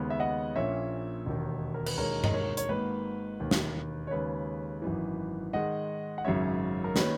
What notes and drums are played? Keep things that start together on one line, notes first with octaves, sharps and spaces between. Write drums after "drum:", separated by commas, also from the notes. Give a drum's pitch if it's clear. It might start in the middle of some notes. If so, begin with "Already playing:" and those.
Already playing: D#2 C#3 G#3 B3
E5
D#5 F#5
A#1 A#2 A#3 C#4 C#5 E5
E1 D#2 D#3
A#4
B4, drum: cymbal
E1 D#2 D#3 G#3 A#4 C#5
D#5, drum: tom G2
A#4 C#5
C#5, drum: hi-hat
G#1 G#2 D#3 A#3 B4
E1 D#2 D#3 A#3
drum: snare
C#5
D#2 C#3 G#3 C#4 B4
G#1 F#2 E3
G#2 D#3 G#3 D#5 F#5
F#5
G#1 F#2 C#3 G#3 C#4 C#5 E5
A#4
D#3 A#3 C#4 B4, drum: snare